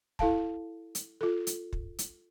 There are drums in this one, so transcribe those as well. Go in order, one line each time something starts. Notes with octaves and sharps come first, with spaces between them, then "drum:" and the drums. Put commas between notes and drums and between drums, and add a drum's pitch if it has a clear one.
E4 A4 F5 A5, drum: kick
drum: hi-hat
F4 A4
drum: hi-hat
drum: kick
drum: hi-hat